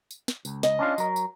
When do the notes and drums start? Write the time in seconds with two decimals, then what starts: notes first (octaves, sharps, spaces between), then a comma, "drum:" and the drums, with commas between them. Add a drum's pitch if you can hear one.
0.11 drum: tambourine
0.28 drum: snare
0.45 C#2, drum: tambourine
0.63 D#5, drum: snare
0.79 C#4 D4 F4
0.98 F#3 A#4, drum: tambourine
1.16 drum: tambourine